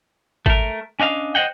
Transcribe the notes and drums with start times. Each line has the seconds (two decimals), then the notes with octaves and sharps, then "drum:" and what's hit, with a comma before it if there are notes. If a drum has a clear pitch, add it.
0.46 A3 A#4, drum: kick G#1
1.00 C#4 D4 D#5 F5
1.35 C5 C#5 D#5 F#5 G5